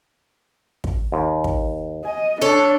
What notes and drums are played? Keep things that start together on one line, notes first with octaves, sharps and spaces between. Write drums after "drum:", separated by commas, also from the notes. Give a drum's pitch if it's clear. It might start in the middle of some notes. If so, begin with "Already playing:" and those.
drum: kick
D#2
drum: kick
D#5 G#5
D4 A4 C#5